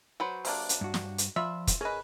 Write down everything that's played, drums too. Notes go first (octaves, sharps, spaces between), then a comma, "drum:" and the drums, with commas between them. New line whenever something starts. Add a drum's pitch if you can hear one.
F#3 B4 C5
C3 A#3 D4, drum: open hi-hat
drum: hi-hat
G2 F#4
drum: snare
drum: hi-hat
F3 F4 D5 E5 B5
drum: kick, hi-hat
C#4 G#4 A#4 B4 D#5